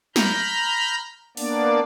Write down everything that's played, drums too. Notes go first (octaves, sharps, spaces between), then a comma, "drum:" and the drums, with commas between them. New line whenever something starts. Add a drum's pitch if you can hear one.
A#5 B5 F6 G6, drum: snare
A#3 B3 D4 D5, drum: open hi-hat